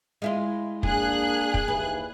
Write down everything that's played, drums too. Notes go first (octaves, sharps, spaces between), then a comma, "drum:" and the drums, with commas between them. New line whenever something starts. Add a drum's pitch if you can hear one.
G#3 E4 F4
A#3 D4 G#4 F#6, drum: kick
drum: kick
D#2 E3 B4